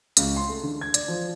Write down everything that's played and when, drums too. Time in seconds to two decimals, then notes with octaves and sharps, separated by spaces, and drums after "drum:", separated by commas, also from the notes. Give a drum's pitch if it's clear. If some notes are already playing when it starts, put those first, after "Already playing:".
0.17 C#2, drum: hi-hat
0.36 C6
0.49 A3
0.63 D3
0.81 G#6
0.94 D5, drum: hi-hat
1.08 F3